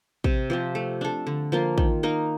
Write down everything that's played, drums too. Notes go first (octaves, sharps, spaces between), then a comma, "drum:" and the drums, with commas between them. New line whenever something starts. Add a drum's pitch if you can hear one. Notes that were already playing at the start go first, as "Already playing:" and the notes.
C3, drum: kick
F3 C4 G4
A3
D4 A4
D3
F3 A#3 F4
D#3, drum: kick
A#3 D#4 A#4